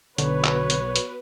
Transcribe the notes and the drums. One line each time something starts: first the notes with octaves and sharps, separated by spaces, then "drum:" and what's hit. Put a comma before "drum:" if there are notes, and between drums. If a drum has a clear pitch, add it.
B1 D3 B3 F#4 B4 C#5, drum: hi-hat
drum: clap
drum: hi-hat
drum: hi-hat